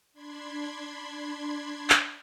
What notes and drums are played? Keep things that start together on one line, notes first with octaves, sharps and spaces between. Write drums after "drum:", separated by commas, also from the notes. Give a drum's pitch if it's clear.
D4 B5 C6 G#6
drum: clap